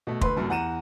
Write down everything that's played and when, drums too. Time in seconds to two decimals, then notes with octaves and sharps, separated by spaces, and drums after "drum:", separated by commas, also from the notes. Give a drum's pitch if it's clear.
0.07 B2 A3
0.21 D2 B4 C6, drum: kick
0.36 C2 F#2 A3
0.49 E2 F#5 A#5 D#7 E7